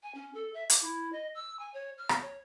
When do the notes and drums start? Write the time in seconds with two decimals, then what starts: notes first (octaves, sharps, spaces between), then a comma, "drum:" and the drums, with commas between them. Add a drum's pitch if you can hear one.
0.03 G#5
0.15 C#4
0.34 A4
0.54 E5
0.70 D6, drum: hi-hat
0.82 E4
1.13 D#5
1.35 E6
1.59 G#5
1.74 C#5
1.98 F6
2.09 drum: rim click
2.22 C#5